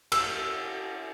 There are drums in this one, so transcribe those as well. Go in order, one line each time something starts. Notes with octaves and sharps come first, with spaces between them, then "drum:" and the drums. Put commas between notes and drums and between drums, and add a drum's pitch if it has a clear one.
E6, drum: cymbal